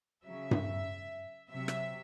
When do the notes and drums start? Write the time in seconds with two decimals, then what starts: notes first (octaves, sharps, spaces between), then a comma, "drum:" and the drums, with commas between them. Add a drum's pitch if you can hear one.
0.24 C#3 F#3 E5
0.51 drum: tom G2
1.50 C3 F#3 E5
1.68 drum: rim click